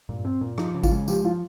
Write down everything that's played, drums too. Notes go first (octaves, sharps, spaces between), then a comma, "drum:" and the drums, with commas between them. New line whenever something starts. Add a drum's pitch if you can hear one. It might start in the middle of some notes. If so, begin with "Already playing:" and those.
A#2, drum: tom G2
C4
A#2
F3 D#4, drum: rim click
C#3
F4, drum: kick G#1, tambourine
G#3
F3 G4, drum: tambourine
F3 F4